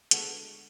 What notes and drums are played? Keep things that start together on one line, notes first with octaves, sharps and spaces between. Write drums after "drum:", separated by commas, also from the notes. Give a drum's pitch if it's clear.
D3 G#3 B3 F#4 A4, drum: hi-hat